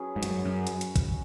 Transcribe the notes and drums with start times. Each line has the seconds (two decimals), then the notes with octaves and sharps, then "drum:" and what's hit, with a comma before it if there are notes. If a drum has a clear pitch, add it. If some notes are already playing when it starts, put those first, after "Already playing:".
Already playing: F#3 C#4 G#4 B4
0.16 G#2
0.23 F#2, drum: hi-hat
0.45 F#2
0.67 drum: hi-hat
0.81 drum: hi-hat
0.96 drum: kick, hi-hat